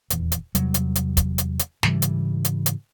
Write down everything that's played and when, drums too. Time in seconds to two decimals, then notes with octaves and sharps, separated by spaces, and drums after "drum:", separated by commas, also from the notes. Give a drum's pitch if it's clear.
0.10 D#1 E2, drum: hi-hat
0.32 drum: hi-hat
0.55 E2 C3 F#3 G3, drum: hi-hat
0.74 drum: hi-hat
0.95 drum: hi-hat
1.17 drum: kick, hi-hat
1.38 drum: hi-hat
1.59 drum: hi-hat
1.83 G#2 C#3 E3 G3, drum: snare
2.02 drum: hi-hat
2.45 drum: hi-hat
2.66 drum: hi-hat